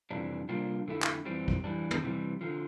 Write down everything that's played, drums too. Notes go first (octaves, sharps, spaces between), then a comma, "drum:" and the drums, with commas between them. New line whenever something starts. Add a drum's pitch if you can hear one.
F2 C3 E3 G3 D4
C3 G3 A#3 D4 F4
F2 D3 A3 E4
drum: clap
F2 E3 G3 C4
drum: kick
E3 G3 D4
drum: tom
C3 E3 G3
D3 F3